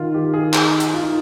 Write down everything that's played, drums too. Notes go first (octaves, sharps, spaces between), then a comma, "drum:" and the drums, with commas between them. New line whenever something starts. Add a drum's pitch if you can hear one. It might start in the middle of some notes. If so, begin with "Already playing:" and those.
Already playing: D#3 F4
G4
G#4
drum: clap
drum: hi-hat
F4
D#4